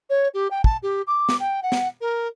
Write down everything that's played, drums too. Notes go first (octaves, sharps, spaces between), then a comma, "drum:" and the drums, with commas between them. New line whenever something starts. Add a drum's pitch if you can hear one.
C#5
G4
G5
A5, drum: kick
G4
D6
drum: snare
G5
F#5
drum: snare
A#4